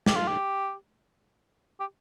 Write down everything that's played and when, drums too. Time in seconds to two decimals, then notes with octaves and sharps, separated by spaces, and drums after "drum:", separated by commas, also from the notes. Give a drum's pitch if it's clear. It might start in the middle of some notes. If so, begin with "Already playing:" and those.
0.06 G4, drum: snare
0.16 F4
0.28 G4
1.80 G4